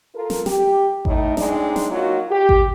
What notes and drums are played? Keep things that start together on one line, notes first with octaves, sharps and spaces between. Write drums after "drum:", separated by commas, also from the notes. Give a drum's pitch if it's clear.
F4 A4 A#4
drum: snare
G4, drum: snare
A2 D#4, drum: kick G#1
A2 G#3 C4 D4 D#4, drum: snare
drum: snare
F#3 A#3 D#4 F4 F#4
G4
drum: kick G#1